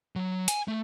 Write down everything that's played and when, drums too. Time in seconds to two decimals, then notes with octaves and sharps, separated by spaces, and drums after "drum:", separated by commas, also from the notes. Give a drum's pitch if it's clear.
0.16 F#3
0.48 G#5, drum: hi-hat
0.68 A3